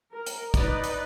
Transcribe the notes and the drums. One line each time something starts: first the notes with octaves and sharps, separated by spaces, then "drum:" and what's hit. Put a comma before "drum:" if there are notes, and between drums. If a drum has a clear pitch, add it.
A#4
drum: hi-hat
D#4 B4 D5 D#5, drum: kick, hi-hat
drum: hi-hat